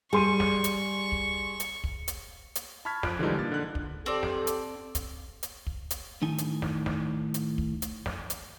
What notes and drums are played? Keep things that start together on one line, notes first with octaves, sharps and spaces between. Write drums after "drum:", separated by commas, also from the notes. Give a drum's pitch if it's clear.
G3 G#4 C6 C#6 D#7
drum: snare
drum: hi-hat
drum: kick
drum: hi-hat
drum: kick
drum: hi-hat
drum: hi-hat
A5 B5 C#6 F6 G#6 B6
F3 F#6 D7, drum: snare
D3 E3 F3 G3 G#3 D#4
A#2 A6
D3 F#6
drum: kick
C4 G4 A4 D5
drum: snare
drum: hi-hat
drum: kick, hi-hat
drum: hi-hat
drum: kick
drum: hi-hat
A2 D#3 D#4 G#5
drum: hi-hat
drum: snare
drum: snare
drum: hi-hat
drum: kick
drum: hi-hat
drum: snare
drum: hi-hat